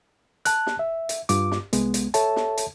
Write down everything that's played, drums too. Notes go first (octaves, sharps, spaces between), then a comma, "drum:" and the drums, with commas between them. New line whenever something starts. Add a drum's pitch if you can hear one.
A5 F#6, drum: hi-hat
drum: snare
E5
drum: hi-hat
G2 F4 D6, drum: hi-hat
drum: snare
C2 G#3 B3, drum: hi-hat
drum: hi-hat
A4 C#5 E5 A5, drum: hi-hat
drum: snare
drum: hi-hat